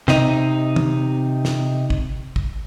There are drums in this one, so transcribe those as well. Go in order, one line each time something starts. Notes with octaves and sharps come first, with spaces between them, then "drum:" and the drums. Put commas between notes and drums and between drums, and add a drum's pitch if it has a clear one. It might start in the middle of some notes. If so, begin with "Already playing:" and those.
C3 D#4, drum: snare
drum: tom
drum: snare
drum: kick
drum: kick